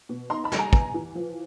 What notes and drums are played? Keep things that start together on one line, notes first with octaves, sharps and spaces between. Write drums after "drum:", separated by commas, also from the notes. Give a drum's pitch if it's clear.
B2
D#4 A#5 C6
A5 B5
G3, drum: snare
G#5 A#5
B3, drum: kick
E3
F3